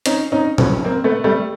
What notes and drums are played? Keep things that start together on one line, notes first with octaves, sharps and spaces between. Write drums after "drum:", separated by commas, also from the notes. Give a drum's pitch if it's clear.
C#4 D#4, drum: hi-hat
C#4 D#4
B3 C#4, drum: tom A#2
A#3 C4
A3 B3
G3 A3